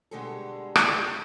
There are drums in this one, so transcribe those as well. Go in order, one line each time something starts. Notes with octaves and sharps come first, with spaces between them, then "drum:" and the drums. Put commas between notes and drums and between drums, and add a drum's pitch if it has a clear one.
B2 D3 G3 G#3 G#4 A4
drum: rim click